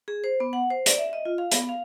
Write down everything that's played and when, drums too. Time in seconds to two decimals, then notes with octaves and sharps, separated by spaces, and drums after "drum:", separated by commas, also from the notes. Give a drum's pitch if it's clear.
0.08 G#4
0.24 C5
0.40 B3
0.53 F#5
0.70 C5
0.86 D5, drum: hi-hat
0.98 E5
1.13 D#5
1.25 F4
1.38 F5
1.51 B3, drum: hi-hat
1.69 F5